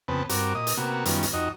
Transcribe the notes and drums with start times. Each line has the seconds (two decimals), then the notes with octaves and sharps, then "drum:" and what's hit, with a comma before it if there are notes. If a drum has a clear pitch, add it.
0.08 F2 C#3 B3 C4 B4 A5
0.29 G2 C4 F#4 A#4 D6, drum: hi-hat
0.55 A#2 D#5 D#6
0.67 drum: hi-hat
0.77 C3 A#3 B3 F#4
1.05 F#2 D#3 G3 B3 C#4 F4, drum: hi-hat
1.23 drum: hi-hat
1.33 F2 D#4 F#4 D#5